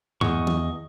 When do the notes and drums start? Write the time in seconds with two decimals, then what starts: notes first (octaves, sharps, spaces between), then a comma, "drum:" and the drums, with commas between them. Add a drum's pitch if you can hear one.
0.21 E2 D#5 C#6, drum: tom G2
0.47 drum: tom D#3